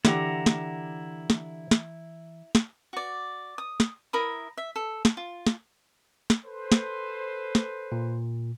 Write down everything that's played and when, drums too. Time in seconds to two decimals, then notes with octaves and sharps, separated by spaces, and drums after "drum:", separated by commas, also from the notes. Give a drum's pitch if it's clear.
0.05 D3 E3 E4 G4 F#5 A#5, drum: snare
0.46 drum: snare
1.30 drum: snare
1.71 drum: snare
2.55 drum: snare
2.93 F#4 D5
3.58 D#6
3.80 drum: snare
4.13 E4 A#4 B5 D#6
4.57 E5
4.76 A4
5.05 drum: snare
5.17 F4
5.47 drum: snare
6.30 drum: snare
6.44 A4 B4 C5
6.72 drum: snare
7.55 drum: snare
7.92 A#2